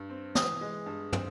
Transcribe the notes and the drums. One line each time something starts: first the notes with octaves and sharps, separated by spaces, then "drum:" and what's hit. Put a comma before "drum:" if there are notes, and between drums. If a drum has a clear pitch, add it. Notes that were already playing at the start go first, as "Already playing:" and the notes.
Already playing: G2
C4
E3 D#6, drum: snare
G#3
G2
C4, drum: tom